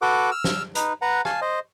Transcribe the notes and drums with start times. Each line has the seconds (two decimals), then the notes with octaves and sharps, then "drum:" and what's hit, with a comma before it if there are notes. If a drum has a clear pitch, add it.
0.02 F#4 A4 B4 F#5 D6
0.31 E6 F6
0.44 drum: snare
0.75 D#4 B4, drum: hi-hat
1.02 B4 F#5 A#5
1.25 F5 G#5 A5, drum: rim click
1.41 C5 D#5